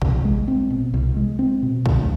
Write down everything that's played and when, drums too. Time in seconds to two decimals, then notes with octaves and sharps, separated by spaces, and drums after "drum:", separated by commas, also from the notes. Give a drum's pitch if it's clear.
0.02 C2, drum: kick
0.25 G#3
0.48 C4
0.70 B2
0.94 C2
1.17 G#3
1.39 C4
1.63 B2
1.86 D2, drum: kick